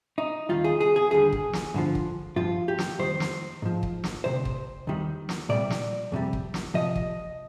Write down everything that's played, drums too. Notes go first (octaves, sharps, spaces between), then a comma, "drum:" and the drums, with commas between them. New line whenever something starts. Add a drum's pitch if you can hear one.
D#4
D#2 D#3 G3 F4
G#4
G#4
G#4
D#2 D3 G3 G#4
drum: kick
drum: snare
G2 D3 F3
drum: kick
G2 F3 F4
G4
drum: snare
F2 D#3 G3 C5
drum: snare
G#2 F3
drum: kick
drum: snare
D2 C3 C5
drum: kick
D#2 D#3 G3
drum: snare
C2 A#2 G3 D5
drum: snare
F2 C3 G3
drum: kick
drum: snare
F2 C3 F3 D#5
drum: kick